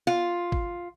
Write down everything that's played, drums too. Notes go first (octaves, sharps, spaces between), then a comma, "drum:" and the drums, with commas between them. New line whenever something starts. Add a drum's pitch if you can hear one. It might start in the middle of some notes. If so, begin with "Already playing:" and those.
F4
drum: kick G#1